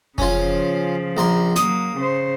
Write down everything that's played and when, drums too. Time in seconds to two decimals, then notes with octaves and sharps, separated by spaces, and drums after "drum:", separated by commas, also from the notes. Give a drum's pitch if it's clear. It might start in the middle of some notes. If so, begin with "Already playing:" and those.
0.18 C#3 F3 C#4 F4, drum: kick F1
1.17 A#1 A#5 C6
1.56 F#3 A#3 D#6, drum: snare
1.96 C#3 C5